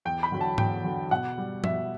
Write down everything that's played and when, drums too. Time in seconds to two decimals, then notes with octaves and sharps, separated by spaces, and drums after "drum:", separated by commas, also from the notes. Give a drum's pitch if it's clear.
0.05 E2 G5
0.23 B5
0.32 D3 F#3
0.41 A5
0.58 E2 G5, drum: tom G#2
0.85 D3 F#3
1.11 B2 F#5
1.38 G3
1.64 B2 E5, drum: tom F3